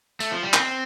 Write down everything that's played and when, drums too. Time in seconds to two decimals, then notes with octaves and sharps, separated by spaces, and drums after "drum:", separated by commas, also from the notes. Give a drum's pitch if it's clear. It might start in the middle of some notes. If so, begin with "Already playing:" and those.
0.20 A3, drum: tambourine
0.32 F3
0.43 G3
0.54 C4, drum: clap